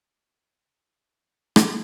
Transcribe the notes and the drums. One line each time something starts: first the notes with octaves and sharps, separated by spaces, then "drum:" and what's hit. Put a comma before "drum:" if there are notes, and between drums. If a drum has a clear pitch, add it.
F5 B5 D6 D#6
A#4 B4 E5 G#5 A5
E3 G3 F4 C#5 E6
drum: rim click